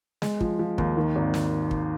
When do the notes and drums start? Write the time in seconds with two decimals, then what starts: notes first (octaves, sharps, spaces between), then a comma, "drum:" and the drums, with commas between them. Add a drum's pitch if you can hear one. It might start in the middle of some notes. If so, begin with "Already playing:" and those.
0.22 G#3, drum: snare
0.41 F3, drum: kick
0.59 F3
0.78 D#2, drum: kick
0.97 D#3
1.16 G#1
1.34 drum: snare
1.71 drum: kick